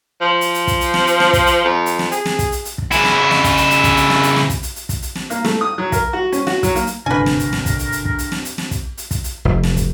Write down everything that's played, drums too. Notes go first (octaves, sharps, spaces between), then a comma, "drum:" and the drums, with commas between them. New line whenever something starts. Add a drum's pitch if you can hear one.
F3
drum: hi-hat
drum: hi-hat
drum: kick, hi-hat
drum: hi-hat
drum: snare
drum: hi-hat
drum: snare
drum: kick, hi-hat
drum: hi-hat
F2
drum: hi-hat
drum: snare
G#4, drum: hi-hat
drum: snare
drum: kick, hi-hat
drum: hi-hat
drum: hi-hat
drum: kick
C#3 E4, drum: hi-hat
drum: snare
drum: snare
drum: kick, hi-hat
drum: hi-hat
drum: hi-hat
drum: kick, hi-hat
drum: hi-hat
drum: snare
drum: hi-hat
drum: snare
drum: kick, hi-hat
drum: hi-hat
drum: hi-hat
drum: kick, hi-hat
drum: hi-hat
drum: snare
A#3, drum: hi-hat
A3, drum: snare
D#6
F#3
A#4, drum: kick, hi-hat
F#4
C#4, drum: hi-hat
F#4, drum: snare
F#3, drum: kick, hi-hat
A#3, drum: hi-hat
drum: hi-hat
G#1 D2 G2 C3 A#4 B4 G#5
drum: snare
drum: hi-hat
drum: snare
drum: kick, hi-hat
drum: hi-hat
drum: hi-hat
drum: kick
drum: hi-hat
drum: snare
drum: hi-hat
drum: snare
drum: kick, hi-hat
drum: hi-hat
drum: kick, hi-hat
drum: hi-hat
F1
drum: snare
drum: kick, hi-hat